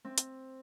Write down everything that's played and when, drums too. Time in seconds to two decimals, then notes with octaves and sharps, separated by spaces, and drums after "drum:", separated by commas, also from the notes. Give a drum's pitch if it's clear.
0.05 C4
0.18 drum: hi-hat